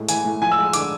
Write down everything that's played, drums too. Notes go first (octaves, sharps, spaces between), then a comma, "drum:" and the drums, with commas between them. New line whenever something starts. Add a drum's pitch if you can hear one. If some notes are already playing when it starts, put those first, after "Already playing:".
Already playing: A2 G#3
E3 G#5, drum: hi-hat
A2
F3 G#5
E6
G#3
D3 D6, drum: hi-hat